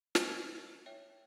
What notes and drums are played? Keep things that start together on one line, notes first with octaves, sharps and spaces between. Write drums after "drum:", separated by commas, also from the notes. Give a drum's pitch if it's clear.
A#4 D#5 G#5 C#6, drum: snare
C#5 E5 G5